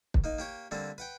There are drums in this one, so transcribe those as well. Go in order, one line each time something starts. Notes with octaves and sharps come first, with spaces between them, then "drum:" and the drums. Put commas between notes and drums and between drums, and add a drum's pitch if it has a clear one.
drum: kick
A#3 D#4
A#3 G4 C#5
D3 G3 A#3 C4
B4 F#5 G5